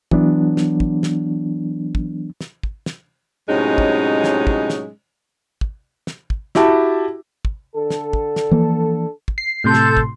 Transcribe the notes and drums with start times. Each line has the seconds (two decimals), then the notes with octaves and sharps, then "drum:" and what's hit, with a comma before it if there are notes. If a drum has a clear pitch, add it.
0.11 E3 F#3 B3 D4, drum: kick
0.57 drum: snare
0.80 drum: kick
1.03 drum: snare
1.95 drum: kick
2.41 drum: snare
2.63 drum: kick
2.86 drum: snare
3.49 A2 C3 F#3 G#3 C#4 D#4
3.78 drum: kick
4.24 drum: snare
4.47 drum: kick
4.70 drum: snare
5.61 drum: kick
6.07 drum: snare
6.30 drum: kick
6.55 E4 F#4 G4 E5 A5, drum: snare
7.45 drum: kick
7.76 D3 A4
7.90 drum: snare
8.13 drum: kick
8.36 drum: snare
8.51 E3 F3 A#3
9.28 drum: kick
9.38 C7
9.64 A2 C3 A4 C6 G6
9.74 drum: snare
9.97 drum: kick